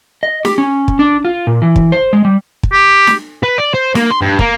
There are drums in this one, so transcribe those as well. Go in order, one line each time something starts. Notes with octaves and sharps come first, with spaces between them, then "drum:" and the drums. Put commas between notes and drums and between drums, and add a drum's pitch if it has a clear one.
D#5
G4, drum: snare
C#4
drum: kick
D4
F4
A#2
E3
drum: kick
C5
G#3
G3
drum: kick
G4
drum: snare
B4
D5
C5
A#3, drum: snare
C6
G2
A#3, drum: kick